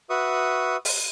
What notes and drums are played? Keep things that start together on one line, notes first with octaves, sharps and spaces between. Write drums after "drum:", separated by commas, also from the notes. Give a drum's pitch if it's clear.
F#4 B4 E5 C#6 D#6
drum: open hi-hat